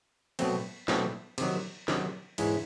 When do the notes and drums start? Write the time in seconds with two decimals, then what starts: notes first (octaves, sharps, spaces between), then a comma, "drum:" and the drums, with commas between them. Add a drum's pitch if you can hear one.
0.39 B2 F#3 A3 C4, drum: cymbal
0.88 B2 F#3 A3 C4, drum: snare
1.38 C3 D#3 F#3, drum: cymbal
1.88 C3 D#3 F#3, drum: snare
2.38 G#2 E3 G#3 C#4 E4, drum: cymbal